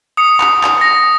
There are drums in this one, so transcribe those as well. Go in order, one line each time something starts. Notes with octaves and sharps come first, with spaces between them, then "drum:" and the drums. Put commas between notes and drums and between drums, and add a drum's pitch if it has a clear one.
D#6 C#7
drum: clap
drum: clap
A#6